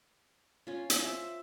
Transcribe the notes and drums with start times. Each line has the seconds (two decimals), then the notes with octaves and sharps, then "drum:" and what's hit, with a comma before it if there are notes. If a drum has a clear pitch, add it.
0.67 C#4 F4
0.90 drum: hi-hat
1.04 C5 E5